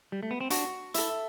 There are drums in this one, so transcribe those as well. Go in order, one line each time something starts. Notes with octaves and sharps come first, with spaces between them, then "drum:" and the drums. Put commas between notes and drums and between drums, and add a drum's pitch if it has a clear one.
G3
A3
B3
C4
D4 F#4, drum: hi-hat
E4 A4 E5, drum: hi-hat